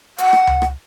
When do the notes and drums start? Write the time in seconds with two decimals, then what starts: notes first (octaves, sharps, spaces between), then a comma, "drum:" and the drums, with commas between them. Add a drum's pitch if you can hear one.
0.18 F#5, drum: hi-hat
0.33 drum: rim click
0.47 drum: tom C#2
0.62 drum: rim click